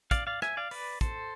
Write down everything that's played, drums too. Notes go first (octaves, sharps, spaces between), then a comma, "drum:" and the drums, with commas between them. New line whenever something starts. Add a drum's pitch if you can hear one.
D5 F5, drum: kick, hi-hat
D5 F5
E5 G#5, drum: rim click
D5 F5
B4 D5, drum: open hi-hat
A4 C5, drum: kick, hi-hat